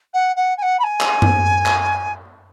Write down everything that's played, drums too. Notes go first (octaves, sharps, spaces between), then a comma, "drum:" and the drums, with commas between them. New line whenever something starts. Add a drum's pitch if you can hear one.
F#5
F#5
G#5
F#5
B5
G#5
drum: clap
drum: tom F#2
drum: clap